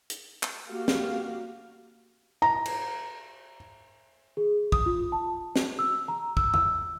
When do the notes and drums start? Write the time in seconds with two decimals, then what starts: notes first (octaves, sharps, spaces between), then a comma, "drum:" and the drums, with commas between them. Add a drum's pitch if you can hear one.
0.10 drum: hi-hat
0.43 drum: clap
0.69 A#3 F#4 G4 F5
0.88 drum: snare
2.42 A#5
2.66 drum: cymbal
4.37 G#4
4.72 D#6, drum: kick
4.86 F4
5.12 A5
5.56 F#4, drum: snare
5.79 E6
6.08 A#5
6.37 E6, drum: kick
6.54 E6, drum: tom E2